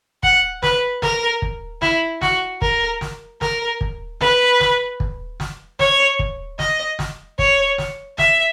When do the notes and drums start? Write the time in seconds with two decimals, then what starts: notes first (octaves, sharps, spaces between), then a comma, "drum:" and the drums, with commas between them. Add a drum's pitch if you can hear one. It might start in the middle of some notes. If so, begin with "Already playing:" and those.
0.23 F#5, drum: kick
0.63 B4, drum: snare
1.02 A#4, drum: snare
1.42 drum: kick
1.82 E4, drum: snare
2.22 F#4, drum: snare
2.62 A#4, drum: kick
3.01 drum: snare
3.41 A#4, drum: snare
3.81 drum: kick
4.21 B4, drum: snare
4.60 drum: snare
5.00 drum: kick
5.40 drum: snare
5.79 C#5, drum: snare
6.19 drum: kick
6.59 D#5, drum: snare
6.99 drum: snare
7.39 C#5, drum: kick
7.78 drum: snare
8.18 E5, drum: snare